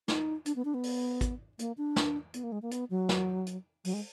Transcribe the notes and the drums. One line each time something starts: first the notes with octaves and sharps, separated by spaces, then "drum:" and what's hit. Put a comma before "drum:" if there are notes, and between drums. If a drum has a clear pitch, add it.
D#4, drum: snare
D4, drum: hi-hat
B3
D4
B3
drum: open hi-hat
drum: kick, hi-hat
A#3, drum: hi-hat
D4
drum: snare
B3, drum: hi-hat
A#3
G#3
A#3
B3, drum: hi-hat
F#3
drum: snare
drum: hi-hat
F#3, drum: open hi-hat
G#3